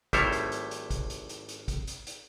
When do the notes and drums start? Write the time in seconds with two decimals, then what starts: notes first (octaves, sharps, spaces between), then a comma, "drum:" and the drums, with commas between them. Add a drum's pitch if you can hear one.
0.13 G#1 G3 A3 E4 C5 C#5, drum: kick, hi-hat
0.32 drum: hi-hat
0.52 drum: hi-hat
0.71 drum: hi-hat
0.90 drum: kick, hi-hat
1.10 drum: hi-hat
1.29 drum: hi-hat
1.49 drum: hi-hat
1.68 drum: kick, hi-hat
1.87 drum: hi-hat
2.07 drum: hi-hat